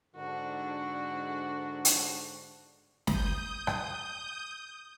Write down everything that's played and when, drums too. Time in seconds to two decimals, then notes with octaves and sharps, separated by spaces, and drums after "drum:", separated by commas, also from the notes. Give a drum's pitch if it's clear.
0.16 G#2 D3 D4 F#4
1.85 drum: hi-hat
3.07 D#6 G6, drum: snare
3.67 drum: rim click